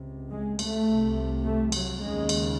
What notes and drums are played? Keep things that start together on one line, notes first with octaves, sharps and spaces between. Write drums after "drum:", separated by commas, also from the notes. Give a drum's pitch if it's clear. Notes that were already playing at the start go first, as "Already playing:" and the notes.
Already playing: C#2 C3
G#3
A3, drum: cymbal
C2 C3
A3
F#3, drum: cymbal
D#2 C#3 G#3
drum: cymbal